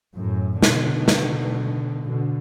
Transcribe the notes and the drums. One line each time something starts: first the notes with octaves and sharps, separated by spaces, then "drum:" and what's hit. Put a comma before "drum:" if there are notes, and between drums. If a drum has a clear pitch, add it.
F#2 A2
B2 D3, drum: snare
drum: snare
B2 D3